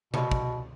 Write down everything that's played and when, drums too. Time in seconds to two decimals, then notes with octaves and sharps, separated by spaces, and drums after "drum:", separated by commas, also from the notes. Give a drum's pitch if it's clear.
0.14 B2, drum: tom C3
0.32 drum: kick